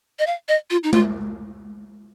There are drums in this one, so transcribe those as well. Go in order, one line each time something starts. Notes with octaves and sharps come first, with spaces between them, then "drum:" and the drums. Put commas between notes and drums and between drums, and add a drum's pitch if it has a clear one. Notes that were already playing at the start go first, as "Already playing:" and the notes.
D#5
F5
D#5
F4
D#4
F4, drum: tom G#3